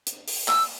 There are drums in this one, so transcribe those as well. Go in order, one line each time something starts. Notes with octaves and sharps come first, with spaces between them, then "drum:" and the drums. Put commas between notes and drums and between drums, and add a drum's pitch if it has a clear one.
drum: hi-hat
drum: open hi-hat
E6, drum: clap